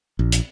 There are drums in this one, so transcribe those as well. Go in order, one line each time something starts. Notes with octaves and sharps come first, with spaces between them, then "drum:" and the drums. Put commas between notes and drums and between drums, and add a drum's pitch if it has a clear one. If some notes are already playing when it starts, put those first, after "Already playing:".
A#1
drum: hi-hat